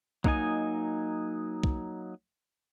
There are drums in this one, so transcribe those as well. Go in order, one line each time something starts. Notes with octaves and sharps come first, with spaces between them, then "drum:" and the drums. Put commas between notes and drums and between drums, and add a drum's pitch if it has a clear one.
F#3 A#3 D#4 D#5 G#5, drum: kick
drum: kick